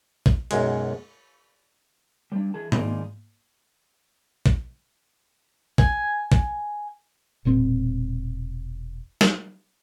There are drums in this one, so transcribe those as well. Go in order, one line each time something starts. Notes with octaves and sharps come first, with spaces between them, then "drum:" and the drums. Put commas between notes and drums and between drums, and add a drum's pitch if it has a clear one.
drum: kick A#1
B1 F#2 G#3, drum: cymbal
G3 D4
E3 G#4 A5
D#3 G#3 D#4 F4 G#4 D5, drum: tom G#2
drum: kick A#1
G#5, drum: kick A#1
drum: kick A#1
E1 A#2 C4
drum: snare